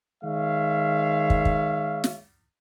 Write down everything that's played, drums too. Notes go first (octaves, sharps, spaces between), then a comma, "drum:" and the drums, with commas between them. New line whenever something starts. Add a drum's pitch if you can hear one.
D#3 G#3 C#5 E5 F5
drum: kick
drum: kick
drum: snare